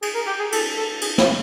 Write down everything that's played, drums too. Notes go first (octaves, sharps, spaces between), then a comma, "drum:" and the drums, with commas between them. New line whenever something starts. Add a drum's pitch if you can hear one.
G#4, drum: cymbal
A#4
G4
G#4
A4, drum: cymbal
A4
G#4, drum: cymbal
E4, drum: snare